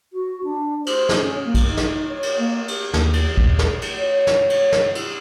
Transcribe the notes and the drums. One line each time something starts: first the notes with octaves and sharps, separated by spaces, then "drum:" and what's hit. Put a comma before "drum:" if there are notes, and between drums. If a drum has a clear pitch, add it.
F#4
D4
C5, drum: cymbal
drum: snare
C#4
A#3
drum: kick A#1, cymbal
D#4
drum: snare
C#5
drum: cymbal
A#3
drum: cymbal
D#2, drum: snare
drum: cymbal
D#1, drum: kick A#1
drum: snare
drum: cymbal
C#5
drum: snare
drum: cymbal
drum: snare
drum: cymbal